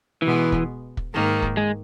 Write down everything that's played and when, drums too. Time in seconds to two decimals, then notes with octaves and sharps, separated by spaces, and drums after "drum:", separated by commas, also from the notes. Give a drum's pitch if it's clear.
0.22 B2 E3 G#3 B3
0.52 drum: kick
0.97 drum: kick
1.12 G#2 D#3 A#3
1.42 drum: kick
1.57 G#3